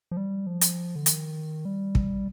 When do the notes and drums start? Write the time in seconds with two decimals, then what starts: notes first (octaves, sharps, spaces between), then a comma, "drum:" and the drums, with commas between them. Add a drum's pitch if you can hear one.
0.11 F3
0.17 G3
0.47 F3
0.61 drum: hi-hat
0.96 D3
1.06 D#3, drum: hi-hat
1.65 G3
1.95 drum: kick